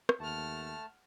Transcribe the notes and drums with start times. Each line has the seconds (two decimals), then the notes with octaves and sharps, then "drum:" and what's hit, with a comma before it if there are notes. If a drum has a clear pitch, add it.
0.09 drum: rim click
0.20 D#2 A3 F#5 A5 F6